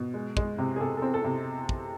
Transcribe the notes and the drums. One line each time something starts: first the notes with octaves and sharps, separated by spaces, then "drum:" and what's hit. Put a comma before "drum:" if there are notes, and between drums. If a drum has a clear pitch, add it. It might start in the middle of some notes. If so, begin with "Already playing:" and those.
Already playing: B2
G#3
G#3, drum: kick
C3
G#4
C3 A4
A4
C4
A4
C3
drum: kick